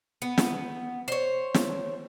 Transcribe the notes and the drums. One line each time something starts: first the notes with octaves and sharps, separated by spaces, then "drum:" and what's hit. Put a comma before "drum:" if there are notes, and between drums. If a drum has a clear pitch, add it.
B3
drum: snare
C5 C#5
drum: snare